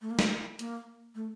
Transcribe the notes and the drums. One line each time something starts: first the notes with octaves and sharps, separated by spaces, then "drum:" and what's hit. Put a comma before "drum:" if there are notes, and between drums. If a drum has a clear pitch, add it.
A3
A#3
A3, drum: snare
A#3, drum: hi-hat
A3